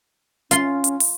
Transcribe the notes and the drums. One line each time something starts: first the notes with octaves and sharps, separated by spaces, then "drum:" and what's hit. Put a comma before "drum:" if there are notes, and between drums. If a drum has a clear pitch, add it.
C#4 F4 C6, drum: hi-hat
drum: hi-hat
drum: open hi-hat